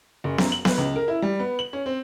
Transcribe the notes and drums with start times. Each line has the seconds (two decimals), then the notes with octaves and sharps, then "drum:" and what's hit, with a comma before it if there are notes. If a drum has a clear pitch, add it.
0.24 F#1
0.38 F#2, drum: snare B3
0.52 F#7
0.65 B4, drum: snare B3
0.78 C#2
0.96 A#4
1.08 E4
1.22 G3
1.39 B3
1.59 F#7
1.73 C#4
1.86 C4